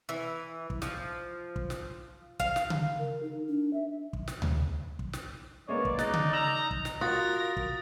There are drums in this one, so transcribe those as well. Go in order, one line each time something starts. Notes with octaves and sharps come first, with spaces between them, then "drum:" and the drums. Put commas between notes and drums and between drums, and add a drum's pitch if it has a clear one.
E3
drum: kick
F3, drum: snare
drum: kick
drum: snare
F5, drum: kick
drum: snare
drum: tom C#3
A#4
D#4
D4
E5
drum: kick
drum: snare
drum: tom D2
drum: kick
drum: snare
G#3 A#3 B3 C#5 D5
drum: kick
D#4 F#6 A6, drum: snare
drum: tom C#3
A#5 E6 E7 F#7
drum: kick
drum: snare
F4 F#4 A#4 D#6 A6 A#6
drum: kick